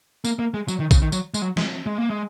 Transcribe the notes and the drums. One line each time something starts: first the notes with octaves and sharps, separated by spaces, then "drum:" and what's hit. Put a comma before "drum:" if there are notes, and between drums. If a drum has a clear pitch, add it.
A#3, drum: tambourine
A#3
G#3
F#3, drum: tambourine
D#3
C#3, drum: kick, tambourine
D#3
F#3, drum: tambourine
G#3, drum: tambourine
F#3
G#3, drum: snare
G#3
A#3
G#3